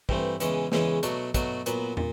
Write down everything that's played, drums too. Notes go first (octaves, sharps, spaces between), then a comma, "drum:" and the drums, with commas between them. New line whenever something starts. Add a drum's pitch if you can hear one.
G2 E3 A3 C4, drum: kick
E2 C#3 E3 G#3 C#4, drum: hi-hat
E2 C#3 E3 G#3 C#4, drum: snare
B2 F#3 A3 D4 F#4, drum: hi-hat
B2 F#3 A3 D4 F#4, drum: kick, hi-hat
A#2 F#3 B3, drum: hi-hat
A#2, drum: tom